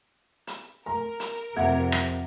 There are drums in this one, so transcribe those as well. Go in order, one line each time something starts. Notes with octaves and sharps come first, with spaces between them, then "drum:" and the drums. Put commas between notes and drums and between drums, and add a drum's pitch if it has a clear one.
drum: hi-hat
A#4 A#5
drum: hi-hat
F2 C3 E5 F#5 G#6
drum: rim click